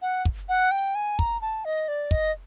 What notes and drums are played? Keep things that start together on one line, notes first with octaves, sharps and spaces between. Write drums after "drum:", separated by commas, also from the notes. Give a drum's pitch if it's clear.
F#5
drum: kick
F#5
G5
G#5
A#5, drum: kick
A5
D#5
D5
D#5, drum: kick